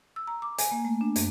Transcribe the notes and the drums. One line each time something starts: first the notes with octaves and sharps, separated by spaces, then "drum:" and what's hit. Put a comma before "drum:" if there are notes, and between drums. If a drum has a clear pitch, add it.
E6
A#5
D6
G#5, drum: hi-hat
A#3
A3
D4
F#2, drum: hi-hat